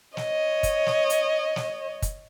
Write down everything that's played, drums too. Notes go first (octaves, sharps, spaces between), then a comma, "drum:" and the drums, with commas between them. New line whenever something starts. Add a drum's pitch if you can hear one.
C#5 D#5, drum: snare
drum: kick, hi-hat
drum: snare
drum: hi-hat
drum: snare
drum: kick, hi-hat